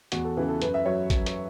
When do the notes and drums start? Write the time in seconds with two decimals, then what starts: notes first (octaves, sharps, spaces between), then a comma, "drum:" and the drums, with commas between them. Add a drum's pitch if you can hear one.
0.12 E2 F#4, drum: hi-hat
0.25 A4
0.36 C#3 E3 B4
0.48 A4
0.62 F#2 B4, drum: hi-hat
0.74 E5
0.86 F#3 C#5
1.10 drum: kick A1, hi-hat
1.26 drum: hi-hat